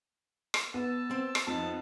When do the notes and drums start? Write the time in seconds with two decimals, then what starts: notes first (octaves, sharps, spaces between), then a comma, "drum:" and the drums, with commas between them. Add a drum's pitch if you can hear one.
0.54 drum: rim click
0.74 B3 A5 E6
1.11 C4
1.35 drum: rim click
1.47 F2 B3 D#4 A5